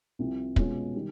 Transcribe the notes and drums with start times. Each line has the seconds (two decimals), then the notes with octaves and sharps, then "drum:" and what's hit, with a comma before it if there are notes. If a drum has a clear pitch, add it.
0.19 C2 C3 F3
0.56 B2 G#3 C#4 F4, drum: kick
0.94 D#3 G3